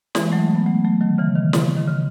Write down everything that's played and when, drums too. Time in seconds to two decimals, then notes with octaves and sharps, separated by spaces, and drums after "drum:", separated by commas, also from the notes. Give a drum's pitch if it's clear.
0.15 E3 G#3, drum: snare
0.32 F#3 A3
0.55 B3
0.66 F#3 A3
0.85 F#3 A3
1.01 D#3 F#3
1.18 C#3 E3
1.36 B2 D#3
1.53 C#3, drum: snare
1.77 D#3
1.87 C#3